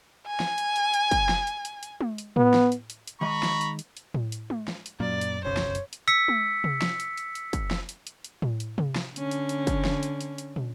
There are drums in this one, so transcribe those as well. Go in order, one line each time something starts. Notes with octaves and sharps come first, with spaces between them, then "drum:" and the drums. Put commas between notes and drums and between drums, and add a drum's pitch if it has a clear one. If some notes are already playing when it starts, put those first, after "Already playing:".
G#5
drum: snare
drum: hi-hat
drum: hi-hat
drum: hi-hat
drum: kick, hi-hat
drum: snare
drum: hi-hat
drum: hi-hat
drum: hi-hat
drum: tom G#3
drum: hi-hat
B3, drum: tom A2
drum: snare
drum: hi-hat
drum: hi-hat
drum: hi-hat
D#3 G#3 D#5 A#5 B5 C#6
drum: snare
drum: hi-hat
drum: hi-hat
drum: hi-hat
drum: tom A2
drum: hi-hat
drum: tom G#3
drum: snare
drum: hi-hat
F#2 A#2 A#3 D5
drum: hi-hat
F1 B1 C#3 C5 C#5
drum: snare
drum: hi-hat
drum: hi-hat
E6 B6 C#7, drum: hi-hat
drum: tom G#3
drum: tom C3
drum: snare
drum: hi-hat
drum: hi-hat
drum: hi-hat
drum: kick, hi-hat
drum: snare
drum: hi-hat
drum: hi-hat
drum: hi-hat
drum: tom A2
drum: hi-hat
drum: tom C3
drum: snare
D3 C#4, drum: hi-hat
drum: hi-hat
drum: hi-hat
drum: kick, hi-hat
drum: snare
drum: hi-hat
drum: hi-hat
drum: hi-hat
drum: tom